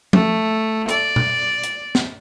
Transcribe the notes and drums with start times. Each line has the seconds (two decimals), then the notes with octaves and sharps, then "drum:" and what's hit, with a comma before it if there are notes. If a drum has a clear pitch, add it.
0.13 A3, drum: tom F3
0.89 D5, drum: hi-hat
1.16 drum: tom B2
1.64 drum: hi-hat
1.95 drum: snare